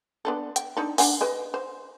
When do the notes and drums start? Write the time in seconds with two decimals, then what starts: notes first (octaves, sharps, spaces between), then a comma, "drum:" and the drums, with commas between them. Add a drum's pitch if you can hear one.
0.25 B3 D4 A4
0.56 G5, drum: hi-hat
0.77 D4 D#4 A4
0.98 D4 F#5 G#5, drum: open hi-hat
1.21 B4 D#5 G5
1.54 C5